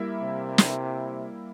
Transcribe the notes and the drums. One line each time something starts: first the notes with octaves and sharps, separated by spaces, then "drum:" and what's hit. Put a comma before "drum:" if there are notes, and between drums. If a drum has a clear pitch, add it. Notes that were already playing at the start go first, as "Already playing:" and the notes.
Already playing: G3 A#3 E4 A#4 E5
C3
drum: snare